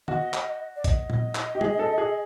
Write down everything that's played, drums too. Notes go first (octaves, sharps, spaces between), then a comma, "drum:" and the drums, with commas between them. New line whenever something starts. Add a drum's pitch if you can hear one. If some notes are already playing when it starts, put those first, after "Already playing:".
F#4 D#5, drum: tom
drum: clap
D5
D#5, drum: kick, hi-hat
drum: tom A#2
drum: clap
G4
G#4, drum: tom G3
A4
G#4